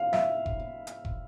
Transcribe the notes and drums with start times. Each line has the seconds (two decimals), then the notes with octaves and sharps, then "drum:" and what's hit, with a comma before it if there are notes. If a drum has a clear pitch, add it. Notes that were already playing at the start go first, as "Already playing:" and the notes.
Already playing: F5
0.13 E5, drum: snare
0.46 drum: kick F1
0.87 drum: hi-hat
1.05 drum: kick F1